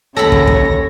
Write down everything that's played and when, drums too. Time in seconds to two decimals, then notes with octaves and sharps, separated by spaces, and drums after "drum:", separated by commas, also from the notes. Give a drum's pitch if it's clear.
0.16 D#2 C#3 A4 C#5 B5 A#6
0.32 drum: kick
0.47 drum: kick